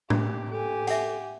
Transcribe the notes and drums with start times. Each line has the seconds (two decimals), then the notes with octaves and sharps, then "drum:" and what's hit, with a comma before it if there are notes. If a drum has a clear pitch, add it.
0.10 G4, drum: tom A2
0.51 G4 A4 G#5
0.87 E5 F#5, drum: hi-hat